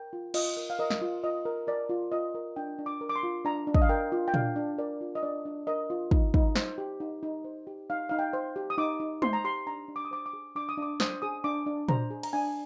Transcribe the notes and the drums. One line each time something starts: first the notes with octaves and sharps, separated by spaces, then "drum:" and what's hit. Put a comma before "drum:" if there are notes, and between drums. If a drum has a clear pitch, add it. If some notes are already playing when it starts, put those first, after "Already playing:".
Already playing: A#4 G5
F4
F4 D#5, drum: cymbal
A#4
F5
A#4 D#5
drum: snare
F4
F4 D#5
A#4
A#4 D5
F4
F4 D#5
A#4
D4 G5
D4
D6
A#4
D6
C6
F4
D4 A#5
D4
D#5, drum: kick
F5
A#4 G5
F4
G5
D4 F5, drum: tom A#2
D4
A#4 D5
F4
D#5
D4 D5
D4
A#4 D#5
F4
D#4, drum: kick
D#4, drum: kick
C5, drum: snare
G4
D#4
D#4
C5
G4
D#4 F5
D#4 F5
G5
C5
G4
D#6
D#4 D6
D#4
C5 C6, drum: tom G#3
A#5
G4 C6
D4 A#5
D4
D6
D#6
C5 D6
D6
G#4
D4 D6
D#6
D4 D6
C5 D#6, drum: snare
G#4 D#6
D4 D6
D4
C5 A#5, drum: tom A#2
G#4
A#5, drum: cymbal
D4 G#5